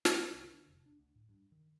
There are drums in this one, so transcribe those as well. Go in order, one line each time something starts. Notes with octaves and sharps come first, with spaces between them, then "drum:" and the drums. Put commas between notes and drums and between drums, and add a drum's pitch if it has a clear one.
G2, drum: snare
C2
D3
F1
D4
D2
A2
G2
D#3